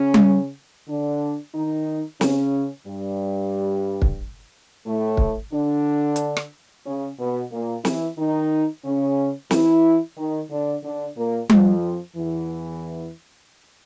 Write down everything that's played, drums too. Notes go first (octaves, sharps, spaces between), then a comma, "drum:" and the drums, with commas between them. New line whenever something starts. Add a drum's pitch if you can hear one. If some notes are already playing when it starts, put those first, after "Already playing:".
Already playing: C#3 C#4
drum: tom G3
D3 D4
D#3 D#4
C#3 C#4, drum: snare
G2 G3
drum: kick
A2 A3
drum: kick
D3 D4
drum: hi-hat
drum: rim click
C#3 C#4
B2 B3
A#2 A#3
E3 E4, drum: snare
D#3 D#4
C#3 C#4
E3 E4, drum: snare
D#3 D#4
D3 D4
D3 D4
A#2 A#3
F2 F3, drum: tom G3
E2 E3